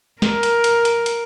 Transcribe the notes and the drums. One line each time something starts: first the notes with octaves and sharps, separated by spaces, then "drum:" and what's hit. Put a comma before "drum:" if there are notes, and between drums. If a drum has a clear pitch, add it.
A#4, drum: snare
drum: hi-hat
drum: hi-hat
drum: hi-hat
drum: hi-hat